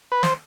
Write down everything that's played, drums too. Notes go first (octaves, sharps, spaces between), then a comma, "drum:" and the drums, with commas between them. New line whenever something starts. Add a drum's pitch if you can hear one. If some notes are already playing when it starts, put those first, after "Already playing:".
B4
C5, drum: snare